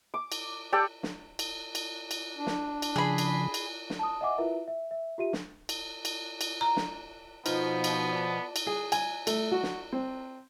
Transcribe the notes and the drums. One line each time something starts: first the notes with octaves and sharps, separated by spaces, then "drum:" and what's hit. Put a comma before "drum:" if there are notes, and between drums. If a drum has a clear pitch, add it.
D6
drum: cymbal
G4 A4 D5 G5
drum: snare
drum: cymbal
drum: cymbal
drum: cymbal
D4
drum: snare
drum: cymbal
C#3 F3 G#4 B5
drum: cymbal
drum: cymbal
drum: snare
A5 D#6
D#5 E5 F#5 G#5 D6
E4 F4 A#4 B4 E5
E5
E5
F4 G4 E5 D#7
drum: snare
drum: cymbal
drum: cymbal
drum: cymbal
A#5
drum: snare
B2 F3 B3 D#4 F4 C5, drum: cymbal
drum: cymbal
D5 A5
drum: cymbal
G#4
G#5, drum: cymbal
A3, drum: cymbal
F#4
drum: snare
C4